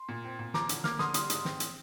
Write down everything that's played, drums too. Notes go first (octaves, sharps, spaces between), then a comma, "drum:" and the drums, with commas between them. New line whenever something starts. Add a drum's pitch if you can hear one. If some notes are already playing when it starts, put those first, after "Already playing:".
Already playing: C6
A#2
C4
A#2
F3 A#5 D6, drum: snare
D3, drum: hi-hat
A#3 D6 F6, drum: snare
D3 C6 D#6, drum: snare
G3 C6 D#6, drum: hi-hat
G#2, drum: hi-hat
C4, drum: snare
drum: hi-hat